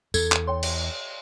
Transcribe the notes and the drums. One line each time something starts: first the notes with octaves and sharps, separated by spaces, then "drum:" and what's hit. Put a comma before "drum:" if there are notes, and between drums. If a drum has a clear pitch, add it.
E2 A4 G#6, drum: tambourine
drum: clap
C#5 G5 C6
drum: cymbal